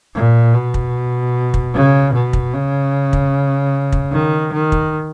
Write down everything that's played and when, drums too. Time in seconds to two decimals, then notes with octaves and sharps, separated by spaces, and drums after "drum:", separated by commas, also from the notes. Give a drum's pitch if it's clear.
0.15 A#2
0.54 B2
0.74 drum: kick
1.54 drum: kick
1.74 C#3
2.13 B2
2.33 drum: kick
2.54 C#3
3.13 drum: kick
3.92 drum: kick
4.12 D#3
4.53 D#3
4.72 drum: kick